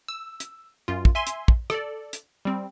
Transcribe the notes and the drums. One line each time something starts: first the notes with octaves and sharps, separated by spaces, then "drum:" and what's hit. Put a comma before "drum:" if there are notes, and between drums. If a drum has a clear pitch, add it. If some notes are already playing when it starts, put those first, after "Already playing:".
E6
drum: hi-hat
F#2 F4
drum: kick
E5 G#5 C6
drum: hi-hat
drum: kick
A4 D5, drum: rim click
drum: hi-hat
G3 C4